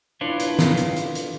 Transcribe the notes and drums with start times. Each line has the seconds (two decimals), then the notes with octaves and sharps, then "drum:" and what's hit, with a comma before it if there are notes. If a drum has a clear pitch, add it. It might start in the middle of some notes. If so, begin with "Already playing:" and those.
0.21 D4 E4 F4 B4 C#5
0.40 drum: hi-hat
0.59 drum: snare
0.78 drum: hi-hat
0.96 drum: hi-hat
1.15 drum: hi-hat